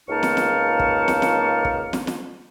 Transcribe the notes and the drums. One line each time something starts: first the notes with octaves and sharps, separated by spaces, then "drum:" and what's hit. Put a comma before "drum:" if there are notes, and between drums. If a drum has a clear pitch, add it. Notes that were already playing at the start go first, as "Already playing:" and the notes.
C#2 A#3 D#4 A5 C#6 F6
drum: snare
drum: snare
drum: kick
drum: snare
drum: snare
drum: kick
drum: snare
drum: snare